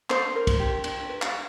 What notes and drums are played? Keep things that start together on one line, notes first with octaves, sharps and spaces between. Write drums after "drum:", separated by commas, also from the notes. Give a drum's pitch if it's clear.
D4 C5, drum: clap
A#4
drum: kick, cymbal
G4
D4, drum: cymbal
B4
drum: clap